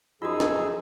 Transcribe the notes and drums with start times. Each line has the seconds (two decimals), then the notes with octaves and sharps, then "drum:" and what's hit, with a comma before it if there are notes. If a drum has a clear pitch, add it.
0.22 F#2 F3 D#4 F4 F#4 G#4 E6
0.40 drum: snare